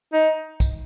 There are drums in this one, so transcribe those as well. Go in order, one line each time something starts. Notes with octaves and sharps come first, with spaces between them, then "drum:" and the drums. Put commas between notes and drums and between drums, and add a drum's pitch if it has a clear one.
D#4
drum: kick B1, tambourine